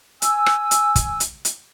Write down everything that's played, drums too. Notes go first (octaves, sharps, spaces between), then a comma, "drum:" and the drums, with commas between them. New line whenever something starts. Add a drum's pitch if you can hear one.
G#5 E6, drum: hi-hat
drum: rim click
drum: hi-hat
drum: kick, hi-hat
drum: hi-hat
drum: hi-hat